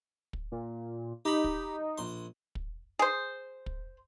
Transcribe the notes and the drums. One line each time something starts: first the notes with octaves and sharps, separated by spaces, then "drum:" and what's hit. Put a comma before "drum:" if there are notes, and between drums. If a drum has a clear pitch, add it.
drum: kick
A#2
D#4 G4 B5
drum: kick
A#1 C6
drum: kick
G#4 C5
drum: kick